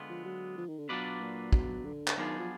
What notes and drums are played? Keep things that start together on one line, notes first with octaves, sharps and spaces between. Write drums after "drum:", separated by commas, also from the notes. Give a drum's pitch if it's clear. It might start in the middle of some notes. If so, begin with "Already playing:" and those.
Already playing: D3 G#3 B3 F4
F3
F#3
F3
D#3
D3
B2 F#3 D4 F4 B4 D5
A#2
B2, drum: kick
D3
drum: clap
D#3 F#3 B3 D4 F4 G#4
F3